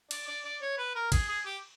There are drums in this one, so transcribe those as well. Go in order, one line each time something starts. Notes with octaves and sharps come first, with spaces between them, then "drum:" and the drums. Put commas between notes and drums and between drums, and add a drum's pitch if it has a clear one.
D5, drum: cymbal
D5
D5
C#5
B4
A#4
G#4, drum: kick A1, cymbal
G#4
G4